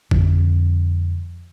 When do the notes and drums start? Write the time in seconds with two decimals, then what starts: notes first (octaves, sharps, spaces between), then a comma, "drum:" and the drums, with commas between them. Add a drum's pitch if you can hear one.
0.11 F2 D3 F3, drum: kick